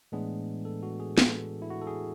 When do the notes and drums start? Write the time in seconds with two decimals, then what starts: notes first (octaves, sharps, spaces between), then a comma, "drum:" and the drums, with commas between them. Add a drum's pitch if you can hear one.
0.12 A2 E3 G#3 B3 D4 G#4
0.65 A4
0.83 F#4
1.00 G#4
1.18 A4, drum: snare
1.62 E4
1.70 F#4
1.81 A4
1.87 G#4